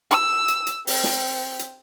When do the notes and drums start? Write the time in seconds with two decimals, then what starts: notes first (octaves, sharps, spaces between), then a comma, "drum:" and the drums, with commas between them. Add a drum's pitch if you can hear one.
0.11 E6, drum: hi-hat
0.48 drum: hi-hat
0.67 drum: hi-hat
0.87 C4, drum: open hi-hat
1.04 drum: snare
1.59 drum: hi-hat